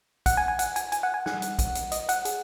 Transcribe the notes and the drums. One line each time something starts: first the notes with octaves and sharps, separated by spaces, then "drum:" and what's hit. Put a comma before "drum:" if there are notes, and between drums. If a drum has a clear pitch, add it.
F#5, drum: kick A#1, hi-hat
G#5
G#5
F#5, drum: hi-hat
G#5, drum: hi-hat
G#5, drum: hi-hat
F#5
G#5
F#5, drum: snare
drum: hi-hat
drum: kick A#1, hi-hat
drum: hi-hat
D#5, drum: hi-hat
F#5, drum: hi-hat
G#4, drum: hi-hat